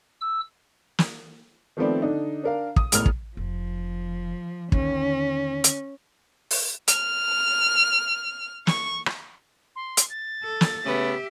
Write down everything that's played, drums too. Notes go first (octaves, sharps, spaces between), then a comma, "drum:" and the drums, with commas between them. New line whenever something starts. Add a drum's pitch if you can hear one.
E6
drum: snare
D#3 F3 A3 B3 C4 D5
D3 D4 D#4
D4 A#4 F5
D#6, drum: kick
E1 A1 A#4 F6 F7, drum: hi-hat
drum: kick
F1 F3
D#2 D3 C#4, drum: kick
drum: hi-hat
drum: open hi-hat
F6, drum: hi-hat
C#6, drum: snare
drum: rim click
C6
drum: hi-hat
A6
A4
drum: snare
C#3 A3 B3 G4 E5